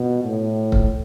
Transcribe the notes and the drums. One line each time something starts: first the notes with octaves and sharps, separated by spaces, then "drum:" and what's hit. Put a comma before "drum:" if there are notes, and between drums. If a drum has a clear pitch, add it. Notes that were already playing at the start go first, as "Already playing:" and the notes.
Already playing: B2
A2
drum: kick C#1